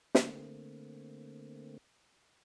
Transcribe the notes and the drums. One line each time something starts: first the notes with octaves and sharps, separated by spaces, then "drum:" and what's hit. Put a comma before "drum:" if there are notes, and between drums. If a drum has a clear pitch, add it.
D3 A3 A#3 C4, drum: snare